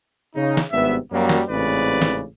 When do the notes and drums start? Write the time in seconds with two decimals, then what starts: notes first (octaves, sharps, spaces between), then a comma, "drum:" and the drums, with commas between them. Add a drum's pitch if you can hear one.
0.34 C#3 D#4
0.57 drum: snare
0.71 G#1 G2 C3 B3 E5
1.11 F#2 F#3 G3 A#3
1.29 drum: snare
1.48 A1 G#2 C#3 C4 B4 D5
2.02 drum: snare